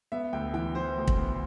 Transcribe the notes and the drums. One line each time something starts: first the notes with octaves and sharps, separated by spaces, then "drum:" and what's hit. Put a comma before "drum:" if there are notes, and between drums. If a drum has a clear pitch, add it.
B3 E5
D2 G5
E3 G5
E3 C5
D2
drum: kick
B3